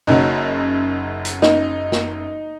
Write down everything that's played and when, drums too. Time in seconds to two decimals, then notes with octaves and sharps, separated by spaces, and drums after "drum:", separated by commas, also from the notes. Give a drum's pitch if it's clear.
0.07 F#1 F#2 C#3 F#3 D#4
1.25 drum: hi-hat
1.42 D#4, drum: snare
1.92 drum: snare